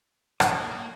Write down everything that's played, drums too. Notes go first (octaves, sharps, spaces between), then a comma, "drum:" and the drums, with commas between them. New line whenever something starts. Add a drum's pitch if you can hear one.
D#6, drum: rim click
A#3